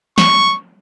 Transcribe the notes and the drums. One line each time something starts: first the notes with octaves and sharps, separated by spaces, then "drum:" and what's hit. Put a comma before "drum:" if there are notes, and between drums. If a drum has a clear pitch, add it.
C#6, drum: snare